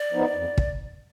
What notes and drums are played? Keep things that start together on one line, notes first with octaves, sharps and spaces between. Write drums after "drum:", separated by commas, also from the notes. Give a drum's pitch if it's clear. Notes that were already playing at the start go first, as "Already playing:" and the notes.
Already playing: D5
F3 B3 D#4
F2
drum: kick